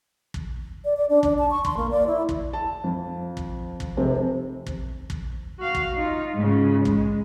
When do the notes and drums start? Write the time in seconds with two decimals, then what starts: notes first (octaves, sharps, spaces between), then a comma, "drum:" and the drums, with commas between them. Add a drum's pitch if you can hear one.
0.34 drum: kick
0.84 D5
0.97 D5
1.09 D4
1.23 D4, drum: kick
1.39 A5
1.50 C#6
1.65 C6, drum: kick
1.77 A#3
1.91 D5
2.07 E4
2.29 drum: kick
2.53 A5
2.84 F2
3.37 drum: kick
3.80 drum: kick
3.97 F1 C3 C4
4.66 drum: kick
5.10 drum: kick
5.59 F#4 F5
5.75 drum: kick
5.96 D#4 F4
6.35 G#2 C#3
6.85 G#3, drum: kick